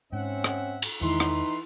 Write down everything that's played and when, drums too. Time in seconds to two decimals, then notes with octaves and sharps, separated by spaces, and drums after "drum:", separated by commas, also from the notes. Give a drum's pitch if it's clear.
0.12 G#2 C4 C#4 E5 F#5
0.44 drum: rim click
0.82 drum: cymbal
1.01 E2 D#3 E3 G#3 D#4 E4 B4 C6
1.20 drum: rim click